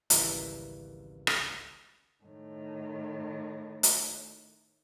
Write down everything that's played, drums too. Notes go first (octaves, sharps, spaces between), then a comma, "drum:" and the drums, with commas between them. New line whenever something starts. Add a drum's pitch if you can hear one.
G#1 C#2 E3 G3 E4 A#4, drum: hi-hat
drum: rim click
A2 D#3
drum: hi-hat